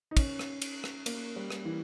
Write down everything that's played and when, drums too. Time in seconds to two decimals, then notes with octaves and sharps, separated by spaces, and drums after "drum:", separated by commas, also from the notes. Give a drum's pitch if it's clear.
0.11 D#4
0.17 C#4, drum: kick, cymbal
0.39 drum: rim click
0.62 drum: cymbal
0.84 drum: rim click
1.06 A#3, drum: cymbal
1.36 G3
1.50 drum: rim click
1.65 E3